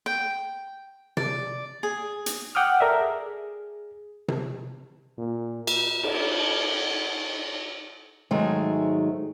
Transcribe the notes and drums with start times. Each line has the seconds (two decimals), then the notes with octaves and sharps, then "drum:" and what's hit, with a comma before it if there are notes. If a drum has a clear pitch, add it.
0.06 G5
1.17 D5, drum: tom C3
1.83 G#4
2.26 drum: hi-hat
2.55 F#5 G5 D6 D#6 F6
2.80 A4 A#4 D5 E5
3.01 G#4
4.28 drum: tom C3
5.18 A#2
5.67 drum: cymbal
6.03 drum: cymbal
8.31 G#2 D#3 F#3 G#3 A3